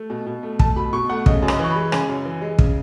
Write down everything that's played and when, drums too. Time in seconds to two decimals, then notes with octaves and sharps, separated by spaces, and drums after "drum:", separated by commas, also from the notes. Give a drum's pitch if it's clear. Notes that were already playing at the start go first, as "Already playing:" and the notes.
Already playing: A3
0.10 B2
0.27 B2
0.43 A3
0.59 A3 A5, drum: kick
0.76 B2 B5
0.93 B2 C#6
1.09 A3 F#5
1.26 C#3 D#5, drum: kick
1.43 F#2
1.48 D#5, drum: rim click
1.59 E3
1.64 C#6
1.70 B5
1.76 G#3
1.92 C#3 G#5, drum: rim click
2.09 F#2
2.25 E3
2.42 G#3
2.59 C#3, drum: kick